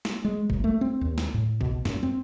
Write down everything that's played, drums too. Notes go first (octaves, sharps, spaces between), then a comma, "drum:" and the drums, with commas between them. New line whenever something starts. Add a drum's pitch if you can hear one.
drum: snare
G#3
F#1, drum: kick A1
A3
C4
D#2
drum: snare
A2
B2, drum: kick A1
F#2, drum: snare
C4